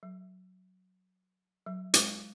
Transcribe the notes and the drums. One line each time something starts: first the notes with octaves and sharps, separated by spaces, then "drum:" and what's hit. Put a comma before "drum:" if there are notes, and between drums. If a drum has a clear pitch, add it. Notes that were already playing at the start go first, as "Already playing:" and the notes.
F#3
F#3
G#3, drum: hi-hat